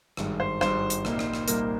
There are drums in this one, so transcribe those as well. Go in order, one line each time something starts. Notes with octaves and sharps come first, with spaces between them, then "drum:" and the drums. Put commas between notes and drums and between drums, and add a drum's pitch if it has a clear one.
G#1 G2 D#3 G#3, drum: rim click
C5
G#1 G2 D#3 G#3 C5, drum: rim click
drum: hi-hat
C2 A#2 G3 A#3 D#4, drum: rim click
drum: rim click
drum: rim click
C2 A#2 G3 A#3 D#4 A#4, drum: hi-hat